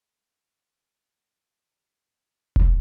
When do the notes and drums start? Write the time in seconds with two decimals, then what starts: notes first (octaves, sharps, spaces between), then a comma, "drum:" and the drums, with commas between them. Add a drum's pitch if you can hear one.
0.25 C4 D#4 F#4 A#4
2.56 drum: kick E1